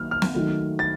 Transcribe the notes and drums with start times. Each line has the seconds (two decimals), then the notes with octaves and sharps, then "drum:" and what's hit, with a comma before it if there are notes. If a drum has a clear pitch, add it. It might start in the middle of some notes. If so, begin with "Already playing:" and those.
Already playing: D#3 F#3 A#3 F6
0.11 F6
0.22 drum: snare
0.34 D#3 F#3 A3
0.79 A6